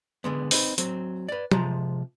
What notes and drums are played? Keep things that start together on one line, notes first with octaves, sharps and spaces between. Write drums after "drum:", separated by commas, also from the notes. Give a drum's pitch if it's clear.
D3 G#3 B3
C4 D#4 B4, drum: open hi-hat
F#3 C4, drum: hi-hat
B4 D5
C3 F3 G#3 A#5, drum: tom